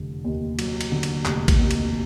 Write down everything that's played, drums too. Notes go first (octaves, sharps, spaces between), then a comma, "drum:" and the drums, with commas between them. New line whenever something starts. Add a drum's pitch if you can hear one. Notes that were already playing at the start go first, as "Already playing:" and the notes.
Already playing: F1 D3
D#2
F#3, drum: cymbal
drum: cymbal
D3
drum: cymbal
F1, drum: clap
drum: kick A1, cymbal
D#2
drum: cymbal